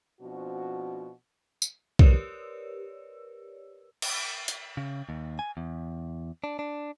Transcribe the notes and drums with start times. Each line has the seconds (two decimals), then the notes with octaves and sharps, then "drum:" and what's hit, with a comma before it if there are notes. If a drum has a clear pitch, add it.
0.21 B2 F3 C4 D4 F#4
1.62 drum: tambourine
1.99 G4 A#4 B4 C#5 D5 E6, drum: kick B1
4.02 drum: cymbal
4.48 drum: hi-hat
4.77 C#3
5.09 D#2
5.39 G#5
5.57 E2
6.44 D4
6.59 D4